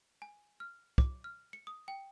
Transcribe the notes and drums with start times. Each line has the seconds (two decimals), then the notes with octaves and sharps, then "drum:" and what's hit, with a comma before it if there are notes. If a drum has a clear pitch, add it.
0.22 G#5
0.60 F6
0.98 D6, drum: kick
1.24 F6
1.53 C#7
1.67 D#6
1.88 G5